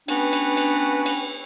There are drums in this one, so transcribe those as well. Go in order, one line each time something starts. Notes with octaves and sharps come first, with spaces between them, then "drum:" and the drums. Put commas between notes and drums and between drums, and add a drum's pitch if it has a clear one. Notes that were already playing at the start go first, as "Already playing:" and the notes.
B3 C#4 D4 F#4 B4 G5, drum: cymbal
drum: cymbal
drum: cymbal
drum: cymbal